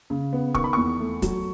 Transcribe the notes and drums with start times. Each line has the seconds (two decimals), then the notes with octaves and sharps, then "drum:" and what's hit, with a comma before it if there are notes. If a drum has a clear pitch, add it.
0.10 C#3
0.33 B3
0.55 D#3 C#6, drum: kick
0.64 B5
0.73 E2 C#6
1.00 A3
1.22 F#3, drum: kick, hi-hat